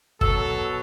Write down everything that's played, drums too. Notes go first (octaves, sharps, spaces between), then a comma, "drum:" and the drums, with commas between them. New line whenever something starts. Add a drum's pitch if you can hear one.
B2 F#3 A4, drum: kick G1